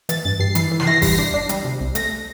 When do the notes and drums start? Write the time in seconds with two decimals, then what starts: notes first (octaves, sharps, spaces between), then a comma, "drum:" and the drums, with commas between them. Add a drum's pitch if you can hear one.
0.09 E3 A6, drum: hi-hat
0.25 G2 A6
0.40 G2 C7
0.55 E3 C7, drum: hi-hat
0.71 E3
0.80 C7, drum: snare
0.87 E3 A#6
0.93 C7
1.02 G3 A#6, drum: kick G1, open hi-hat
1.13 C7
1.18 D4 A#6
1.33 D4 C7
1.49 G3, drum: hi-hat
1.65 C3
1.81 C2
1.95 A3 A#6, drum: hi-hat